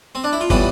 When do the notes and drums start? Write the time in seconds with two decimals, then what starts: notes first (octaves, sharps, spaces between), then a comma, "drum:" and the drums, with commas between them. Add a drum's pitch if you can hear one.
0.15 C4
0.24 D4
0.33 E4
0.41 F4
0.50 A2 E3 G3 B3 G4, drum: kick